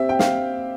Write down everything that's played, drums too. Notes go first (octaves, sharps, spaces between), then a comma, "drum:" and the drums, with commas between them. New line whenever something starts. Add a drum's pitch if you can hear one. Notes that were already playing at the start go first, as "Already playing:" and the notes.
Already playing: C4 G4 E5
G5
F5, drum: snare